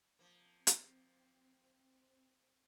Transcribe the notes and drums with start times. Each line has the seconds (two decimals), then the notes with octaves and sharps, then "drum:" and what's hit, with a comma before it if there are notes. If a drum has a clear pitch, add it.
0.19 F3 A#3 C4
0.67 drum: hi-hat